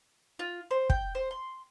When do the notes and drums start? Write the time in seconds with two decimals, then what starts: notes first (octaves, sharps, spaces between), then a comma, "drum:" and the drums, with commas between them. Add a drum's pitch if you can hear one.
0.39 F4
0.71 C5
0.90 G5, drum: kick
1.15 C5
1.31 C6